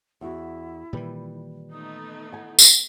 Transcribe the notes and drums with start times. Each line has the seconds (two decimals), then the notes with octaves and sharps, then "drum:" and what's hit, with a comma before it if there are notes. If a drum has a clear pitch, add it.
0.21 E2 E4 F#4
0.93 A#2 D#3 E3 G3 B4
1.72 A3 B3 D#4 D#6
2.32 E4 F#5 G#5
2.59 drum: tambourine